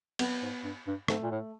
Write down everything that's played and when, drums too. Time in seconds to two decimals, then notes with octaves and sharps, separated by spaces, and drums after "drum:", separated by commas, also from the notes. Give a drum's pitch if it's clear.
0.19 B3, drum: cymbal
0.43 G#2
0.64 G2
0.87 G2
1.08 G#2 A3, drum: rim click
1.23 A#2
1.31 A2